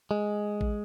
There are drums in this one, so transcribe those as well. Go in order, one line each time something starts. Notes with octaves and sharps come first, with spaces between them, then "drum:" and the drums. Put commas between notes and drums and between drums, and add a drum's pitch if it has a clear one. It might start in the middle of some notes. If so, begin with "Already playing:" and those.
G#3
drum: kick A1